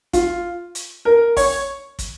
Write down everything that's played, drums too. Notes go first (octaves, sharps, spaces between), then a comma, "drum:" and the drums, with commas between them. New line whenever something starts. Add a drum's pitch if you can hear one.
F4, drum: kick, hi-hat
drum: hi-hat
A#4
C#5, drum: kick, open hi-hat
drum: kick, hi-hat